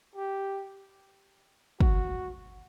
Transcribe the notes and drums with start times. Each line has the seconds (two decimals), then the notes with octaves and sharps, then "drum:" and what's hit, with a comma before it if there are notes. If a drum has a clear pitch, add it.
0.15 G4
1.80 F#4, drum: kick